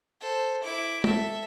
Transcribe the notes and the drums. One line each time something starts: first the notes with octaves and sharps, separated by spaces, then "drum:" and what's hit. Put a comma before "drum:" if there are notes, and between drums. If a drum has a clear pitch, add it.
A4 C5
E4 D6
A4 E5, drum: tom